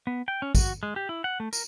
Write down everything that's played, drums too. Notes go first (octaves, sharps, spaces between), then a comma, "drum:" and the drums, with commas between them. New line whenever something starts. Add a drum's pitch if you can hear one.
B3
G5
C#4
F#4, drum: kick, tambourine
G#3
G4
E4
F#5
A3
A#4, drum: tambourine